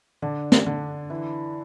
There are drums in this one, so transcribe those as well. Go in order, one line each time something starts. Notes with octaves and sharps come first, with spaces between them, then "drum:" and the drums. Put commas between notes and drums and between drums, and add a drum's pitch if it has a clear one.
D3 D4
drum: snare
D3
E3 E4